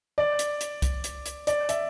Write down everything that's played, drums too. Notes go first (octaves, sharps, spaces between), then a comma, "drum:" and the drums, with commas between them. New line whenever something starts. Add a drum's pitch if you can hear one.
D5
drum: hi-hat
drum: hi-hat
drum: kick, hi-hat
drum: hi-hat
drum: hi-hat
D5, drum: hi-hat
E5, drum: hi-hat